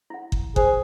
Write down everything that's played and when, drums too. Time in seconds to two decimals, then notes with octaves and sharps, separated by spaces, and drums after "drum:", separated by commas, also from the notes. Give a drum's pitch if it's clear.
0.10 E4 F#5
0.32 drum: kick G1
0.56 G#4 C5, drum: kick G1